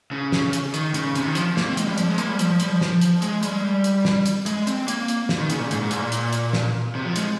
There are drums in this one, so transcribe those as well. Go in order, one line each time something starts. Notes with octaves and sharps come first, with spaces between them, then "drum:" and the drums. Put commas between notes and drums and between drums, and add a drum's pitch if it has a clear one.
C#3
drum: snare
drum: hi-hat
D#3, drum: hi-hat
C#3, drum: hi-hat
C3, drum: hi-hat
D#3
F3, drum: hi-hat
A#3, drum: snare
C4
G#3, drum: hi-hat
G3
F3, drum: hi-hat
G#3
A#3, drum: hi-hat
G3
F3, drum: hi-hat
F3
G3, drum: hi-hat
F3
F3, drum: snare
drum: hi-hat
G#3, drum: hi-hat
G3, drum: hi-hat
G#3
G3
drum: hi-hat
drum: snare
drum: hi-hat
G#3, drum: hi-hat
C4, drum: hi-hat
A#3, drum: hi-hat
drum: hi-hat
drum: snare
D#3
C#3, drum: hi-hat
A#2
G#2, drum: hi-hat
G#2
A#2, drum: hi-hat
A#2
drum: hi-hat
drum: hi-hat
drum: snare
C3
F3
G#3, drum: hi-hat